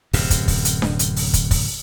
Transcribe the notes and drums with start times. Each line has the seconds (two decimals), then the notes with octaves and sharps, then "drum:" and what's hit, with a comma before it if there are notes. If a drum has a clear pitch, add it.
0.13 D1 F#2 C3, drum: open hi-hat
0.30 drum: kick, hi-hat
0.48 drum: kick, open hi-hat
0.65 drum: hi-hat
0.82 drum: snare D4
0.99 drum: hi-hat
1.16 drum: open hi-hat
1.34 drum: kick, hi-hat
1.51 drum: kick, open hi-hat